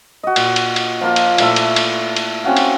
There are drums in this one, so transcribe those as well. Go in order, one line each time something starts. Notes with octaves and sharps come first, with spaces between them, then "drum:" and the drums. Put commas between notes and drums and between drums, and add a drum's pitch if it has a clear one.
F#4 D#5
A#2, drum: cymbal
drum: cymbal
drum: cymbal
F3 A#3 F4
drum: cymbal
A#2 A3 E4 E5, drum: cymbal
drum: cymbal
drum: cymbal
drum: cymbal
C4 C#4 F#4 F5
drum: cymbal